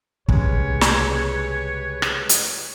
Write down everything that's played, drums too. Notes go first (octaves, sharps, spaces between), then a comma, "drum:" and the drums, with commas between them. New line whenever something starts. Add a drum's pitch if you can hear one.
C2 C#3 G#3 G4 B4 C#5, drum: kick
drum: snare
drum: rim click
drum: hi-hat